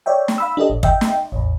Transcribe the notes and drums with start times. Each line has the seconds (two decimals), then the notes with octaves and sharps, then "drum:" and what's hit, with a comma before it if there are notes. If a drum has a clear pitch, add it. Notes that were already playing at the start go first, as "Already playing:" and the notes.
0.06 C#5 D5 E5 G5
0.28 drum: snare
0.38 F5 B5 E6
0.57 D4 G4 A4 D#5
0.70 A1
0.83 D#5 E5 G5, drum: kick
1.01 drum: snare
1.32 A1 E2